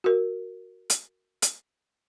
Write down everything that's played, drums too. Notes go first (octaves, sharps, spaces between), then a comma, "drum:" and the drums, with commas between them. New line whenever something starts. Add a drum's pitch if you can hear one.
F#4 A#4
drum: hi-hat
drum: hi-hat